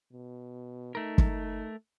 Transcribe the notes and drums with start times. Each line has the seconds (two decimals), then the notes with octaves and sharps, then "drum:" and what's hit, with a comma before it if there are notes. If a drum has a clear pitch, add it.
0.13 B2
0.95 A3 D#4 A#4
1.18 drum: kick